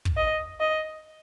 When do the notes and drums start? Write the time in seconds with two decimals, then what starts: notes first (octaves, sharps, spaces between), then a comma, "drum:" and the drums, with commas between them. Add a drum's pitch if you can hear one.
0.05 drum: kick
0.17 D#5
0.60 D#5